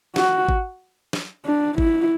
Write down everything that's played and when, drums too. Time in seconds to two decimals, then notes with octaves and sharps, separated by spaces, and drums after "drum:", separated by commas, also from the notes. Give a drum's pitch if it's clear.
0.16 F#4, drum: snare
0.48 drum: kick G#1
1.13 drum: snare
1.45 D4
1.78 E4, drum: kick G#1